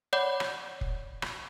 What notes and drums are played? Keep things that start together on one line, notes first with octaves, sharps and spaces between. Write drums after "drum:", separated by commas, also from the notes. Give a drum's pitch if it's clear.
C#5 D5 F#5 B5 D6 G6
drum: rim click
drum: kick F1
drum: rim click